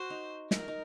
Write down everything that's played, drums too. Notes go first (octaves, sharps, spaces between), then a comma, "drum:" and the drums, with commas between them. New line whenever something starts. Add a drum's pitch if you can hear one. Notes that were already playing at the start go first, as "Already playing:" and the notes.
Already playing: F#4 C5
D#4
D#4 A#4, drum: snare
D#4